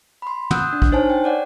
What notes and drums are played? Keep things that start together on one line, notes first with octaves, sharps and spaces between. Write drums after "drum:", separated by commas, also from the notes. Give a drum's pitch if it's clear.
B5 C6
F#5 D#6 E6 F#6 G6, drum: tom
D4
drum: kick
D#4 C5 C#5 G#5 A5
G5
C#5 D5 F#5